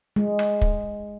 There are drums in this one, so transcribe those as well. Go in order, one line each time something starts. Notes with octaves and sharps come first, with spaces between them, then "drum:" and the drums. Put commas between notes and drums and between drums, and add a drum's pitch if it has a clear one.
G#3
drum: rim click
drum: kick